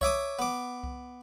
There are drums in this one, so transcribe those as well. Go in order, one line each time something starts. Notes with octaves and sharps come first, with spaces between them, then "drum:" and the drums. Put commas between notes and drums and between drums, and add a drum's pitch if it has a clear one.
C#5 E5 D6 D#6, drum: kick C2
B3 D6
drum: kick C2